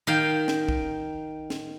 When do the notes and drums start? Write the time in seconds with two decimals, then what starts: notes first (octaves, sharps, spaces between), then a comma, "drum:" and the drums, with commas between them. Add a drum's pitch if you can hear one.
0.07 D#3 F5 G5
0.48 drum: snare
0.69 drum: kick
1.50 drum: snare